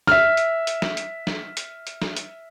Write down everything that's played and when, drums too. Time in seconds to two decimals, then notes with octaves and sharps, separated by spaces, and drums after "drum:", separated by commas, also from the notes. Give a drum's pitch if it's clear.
0.07 E5 F6, drum: snare
0.37 drum: hi-hat
0.67 drum: hi-hat
0.82 drum: snare
0.97 drum: hi-hat
1.27 drum: snare
1.57 drum: hi-hat
1.87 drum: hi-hat
2.02 drum: snare
2.17 drum: hi-hat